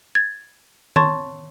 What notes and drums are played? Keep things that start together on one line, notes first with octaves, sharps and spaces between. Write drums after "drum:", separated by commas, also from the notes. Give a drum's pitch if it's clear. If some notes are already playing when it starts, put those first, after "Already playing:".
G#6 A6
C#5 A5 C6 C#6 A6, drum: tom D#3